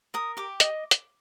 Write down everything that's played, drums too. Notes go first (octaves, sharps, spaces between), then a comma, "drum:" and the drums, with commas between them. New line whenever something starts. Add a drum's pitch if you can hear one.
A#4 D#6
G4 D6
D#5, drum: hi-hat
drum: hi-hat